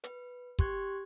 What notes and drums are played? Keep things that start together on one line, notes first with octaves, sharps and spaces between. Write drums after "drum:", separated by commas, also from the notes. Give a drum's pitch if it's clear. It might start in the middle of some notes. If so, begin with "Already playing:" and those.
B4, drum: hi-hat
G4 C6 C#6 F#6 G#6, drum: kick